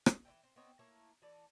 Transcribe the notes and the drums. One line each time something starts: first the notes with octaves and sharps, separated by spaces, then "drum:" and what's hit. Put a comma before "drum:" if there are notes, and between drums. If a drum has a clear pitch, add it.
drum: rim click
E3 C#4 E5 G5
C4
B3 C4 D#4 C#5
A3 A#3 E4 C#5
E3 A3 D5